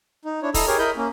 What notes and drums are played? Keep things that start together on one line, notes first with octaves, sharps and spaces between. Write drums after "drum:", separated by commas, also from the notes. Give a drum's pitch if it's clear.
D#4
D4 E4 C#5
E4 A4 D#5 A#5 E6, drum: kick E1, open hi-hat
G4 G#4 A#4 C#5
E4 A#4 D#5 B5 G6
A#3 C#4